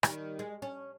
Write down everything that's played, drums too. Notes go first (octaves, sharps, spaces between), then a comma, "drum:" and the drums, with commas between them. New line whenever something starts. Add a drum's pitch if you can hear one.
D#3 G3, drum: rim click
G#3
C#4